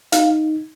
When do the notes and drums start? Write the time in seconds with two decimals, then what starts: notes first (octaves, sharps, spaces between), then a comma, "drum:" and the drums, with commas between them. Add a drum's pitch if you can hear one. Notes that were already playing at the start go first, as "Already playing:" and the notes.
0.12 D#4 F5, drum: hi-hat